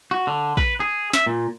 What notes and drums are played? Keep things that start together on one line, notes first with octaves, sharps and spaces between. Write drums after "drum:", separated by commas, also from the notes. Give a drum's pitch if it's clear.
F#4
D3
B4, drum: kick
G#4
E5, drum: snare
A#2